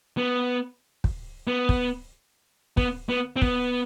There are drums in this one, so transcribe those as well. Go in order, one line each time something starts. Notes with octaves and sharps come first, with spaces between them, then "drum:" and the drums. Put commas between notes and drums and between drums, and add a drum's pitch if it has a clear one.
B3
drum: kick
B3
drum: kick
B3, drum: kick
B3
C4
B3, drum: kick